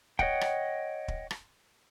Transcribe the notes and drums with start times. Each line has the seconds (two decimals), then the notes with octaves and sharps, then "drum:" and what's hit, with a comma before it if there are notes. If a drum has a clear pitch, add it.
0.19 C#5 D#5 F#5 G5, drum: kick
0.41 drum: rim click
1.08 drum: kick
1.31 drum: rim click